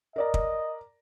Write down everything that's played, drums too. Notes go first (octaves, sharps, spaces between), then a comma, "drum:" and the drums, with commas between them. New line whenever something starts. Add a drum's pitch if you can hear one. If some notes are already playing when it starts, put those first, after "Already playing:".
A#4 D5 D#5 A#5
drum: kick